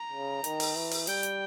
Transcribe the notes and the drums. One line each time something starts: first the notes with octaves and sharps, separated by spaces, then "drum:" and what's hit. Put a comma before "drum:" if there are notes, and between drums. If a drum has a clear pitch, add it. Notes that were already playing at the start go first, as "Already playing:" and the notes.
Already playing: A#5
C#3
D#3, drum: hi-hat
drum: open hi-hat
E3
drum: open hi-hat
G3 G5, drum: hi-hat
drum: hi-hat